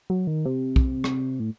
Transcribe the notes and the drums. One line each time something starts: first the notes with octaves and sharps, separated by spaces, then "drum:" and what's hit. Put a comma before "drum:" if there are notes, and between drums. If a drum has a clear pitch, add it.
F#3
D#3
C3
drum: kick B1
drum: rim click
A2